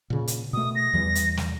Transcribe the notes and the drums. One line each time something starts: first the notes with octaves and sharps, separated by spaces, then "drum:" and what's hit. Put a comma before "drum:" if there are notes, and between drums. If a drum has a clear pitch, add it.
A#2 C#3
drum: hi-hat
B2 A3 D#6
A#6
E2 E3 G3
drum: hi-hat
drum: snare